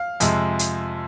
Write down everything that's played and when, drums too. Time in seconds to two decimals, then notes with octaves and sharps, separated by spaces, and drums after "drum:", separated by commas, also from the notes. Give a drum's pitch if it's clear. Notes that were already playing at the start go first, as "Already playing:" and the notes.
Already playing: F5
0.20 F2 C3 G#3, drum: hi-hat
0.59 drum: hi-hat